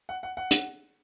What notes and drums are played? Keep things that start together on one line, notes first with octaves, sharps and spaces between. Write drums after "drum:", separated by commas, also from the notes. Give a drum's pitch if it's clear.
F#5
F#5
F#5
drum: hi-hat